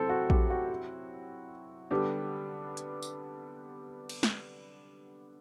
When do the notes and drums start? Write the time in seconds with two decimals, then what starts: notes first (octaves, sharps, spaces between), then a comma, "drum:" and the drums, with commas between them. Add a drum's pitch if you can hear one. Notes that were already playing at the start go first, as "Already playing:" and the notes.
Already playing: C3 F#3 C4 E4 A4 C5
0.09 F#4
0.30 G4, drum: kick A#1
0.50 F#4
1.91 D3 G3 B3 D4 G4
2.77 drum: hi-hat
3.02 drum: tambourine
4.09 drum: cymbal
4.23 drum: snare